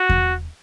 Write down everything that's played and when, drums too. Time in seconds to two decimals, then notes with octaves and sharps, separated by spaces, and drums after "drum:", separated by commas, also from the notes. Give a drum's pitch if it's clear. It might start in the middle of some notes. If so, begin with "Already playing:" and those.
Already playing: F#4
0.09 drum: kick E2